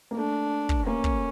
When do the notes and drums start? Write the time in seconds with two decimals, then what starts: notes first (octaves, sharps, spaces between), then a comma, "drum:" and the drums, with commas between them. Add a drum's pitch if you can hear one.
0.11 A#3
0.17 A3 D4
0.69 drum: kick
0.86 A#3 C#4
1.04 drum: kick